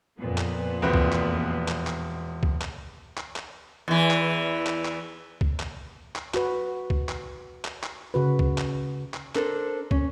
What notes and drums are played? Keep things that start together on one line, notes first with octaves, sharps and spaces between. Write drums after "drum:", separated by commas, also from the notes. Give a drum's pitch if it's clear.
F2 A#2 B3
drum: clap
E1 C4 B4
drum: kick
drum: clap
drum: clap
drum: clap
drum: kick
drum: clap
drum: clap
drum: clap
E2 E3
drum: clap
drum: clap
drum: clap
drum: kick
drum: clap
drum: clap
F#4 B4, drum: clap
drum: kick
drum: clap
drum: clap
drum: clap
C#3 F#4 B4
drum: kick
drum: clap
drum: clap
D4 A4 A#4 C5, drum: clap
C#4, drum: kick